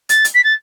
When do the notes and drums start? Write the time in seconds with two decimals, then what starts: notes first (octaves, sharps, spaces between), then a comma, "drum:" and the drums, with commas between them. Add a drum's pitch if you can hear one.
0.09 A6, drum: hi-hat
0.25 drum: hi-hat
0.34 B6
0.44 A6